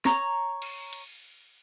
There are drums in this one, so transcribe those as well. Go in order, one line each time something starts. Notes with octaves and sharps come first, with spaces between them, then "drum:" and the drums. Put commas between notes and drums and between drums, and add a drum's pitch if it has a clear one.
C#5 A#5, drum: snare
drum: cymbal
drum: cymbal